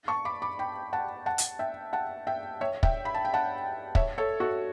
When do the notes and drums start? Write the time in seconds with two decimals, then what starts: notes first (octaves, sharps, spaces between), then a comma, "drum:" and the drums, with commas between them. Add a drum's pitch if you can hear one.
0.08 A5 C#6
0.25 B5 D6
0.42 B5 D6
0.59 G5 B5
0.93 F#5 A5
1.26 F#5 A5
1.38 drum: hi-hat
1.59 E5 G5
1.93 F#5 A5
2.27 E5 G5
2.61 C#5 E5
2.83 E5 G5, drum: kick
3.05 B5
3.14 A5
3.25 G5
3.34 F#5 A5
3.95 C#5 E5, drum: kick
4.18 A4 C#5
4.40 F#4 A4